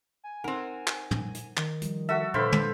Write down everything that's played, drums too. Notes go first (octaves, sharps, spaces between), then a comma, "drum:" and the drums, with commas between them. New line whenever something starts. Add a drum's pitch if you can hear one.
G#5
C4 D#4 A#4 F#5
drum: clap
drum: tom
drum: hi-hat
D#3, drum: clap
F3 G3, drum: hi-hat
F#4 A4 E5
A#2 D3 A4 B4 C5 F5 B5
drum: tom